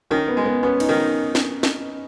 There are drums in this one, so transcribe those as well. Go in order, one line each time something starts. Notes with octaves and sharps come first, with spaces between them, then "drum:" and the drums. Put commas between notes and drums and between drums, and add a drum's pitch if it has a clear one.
D#3 C#4
B3
G#3
B3
B3 C#4
D#4, drum: cymbal
D#3
drum: snare
drum: snare